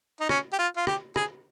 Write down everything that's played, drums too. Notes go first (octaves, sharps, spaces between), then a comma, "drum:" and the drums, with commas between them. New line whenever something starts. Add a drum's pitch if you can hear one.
D#4
C#4, drum: rim click
G4
F4
F4
G4, drum: rim click
G#4, drum: rim click